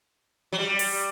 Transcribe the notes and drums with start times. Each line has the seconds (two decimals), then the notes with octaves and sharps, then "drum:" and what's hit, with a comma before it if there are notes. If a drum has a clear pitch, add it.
0.53 F#3
0.58 G3
0.79 drum: open hi-hat